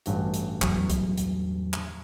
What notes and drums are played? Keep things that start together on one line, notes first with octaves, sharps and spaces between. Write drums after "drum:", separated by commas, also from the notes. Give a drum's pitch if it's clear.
A1 G2 F#4, drum: hi-hat
drum: hi-hat
E2 F#3, drum: clap
drum: kick C2, hi-hat
drum: hi-hat
drum: clap